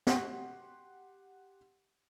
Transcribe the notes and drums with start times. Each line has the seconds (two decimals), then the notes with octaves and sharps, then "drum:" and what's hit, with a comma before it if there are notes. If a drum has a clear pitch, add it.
0.07 F#4 G4 D#5 F#5 C6, drum: snare